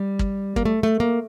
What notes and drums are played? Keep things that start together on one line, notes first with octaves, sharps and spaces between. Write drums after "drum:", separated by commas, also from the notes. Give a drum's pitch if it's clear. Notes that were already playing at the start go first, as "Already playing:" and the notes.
Already playing: G3
drum: kick
A#3, drum: kick
A3
A3
A#3